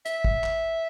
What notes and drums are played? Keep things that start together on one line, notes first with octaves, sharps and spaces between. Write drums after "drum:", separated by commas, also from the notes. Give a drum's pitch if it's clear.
E5, drum: hi-hat
drum: kick
drum: clap